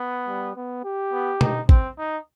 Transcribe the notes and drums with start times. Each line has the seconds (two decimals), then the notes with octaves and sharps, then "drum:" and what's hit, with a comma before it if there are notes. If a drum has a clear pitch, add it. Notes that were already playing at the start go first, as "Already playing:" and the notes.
Already playing: B3
0.28 G3
0.56 B3
0.84 G4
1.12 B3
1.41 D#4, drum: tom B2
1.69 C4, drum: kick
1.97 D#4